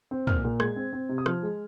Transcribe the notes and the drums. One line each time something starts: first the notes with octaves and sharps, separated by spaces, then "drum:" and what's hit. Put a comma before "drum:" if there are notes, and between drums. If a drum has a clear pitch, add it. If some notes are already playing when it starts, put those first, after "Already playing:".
C4
A#2 F6, drum: tom
A#2
G#3 G#6, drum: rim click
C4
C4
C3
D#6
F3 F6, drum: rim click
G#3